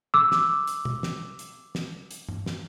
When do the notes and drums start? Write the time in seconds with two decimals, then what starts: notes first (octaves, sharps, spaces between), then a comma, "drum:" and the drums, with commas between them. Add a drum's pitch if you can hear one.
0.14 D6 E6
0.32 drum: snare
0.67 drum: hi-hat
0.85 drum: tom B2
1.03 drum: snare
1.39 drum: hi-hat
1.75 drum: snare
2.11 drum: hi-hat
2.29 drum: tom G2
2.46 drum: snare